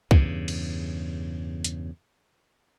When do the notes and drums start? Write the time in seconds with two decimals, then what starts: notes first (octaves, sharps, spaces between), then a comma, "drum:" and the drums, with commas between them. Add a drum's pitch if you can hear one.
0.11 E2 G2 C#3, drum: kick
0.48 drum: cymbal
1.64 drum: hi-hat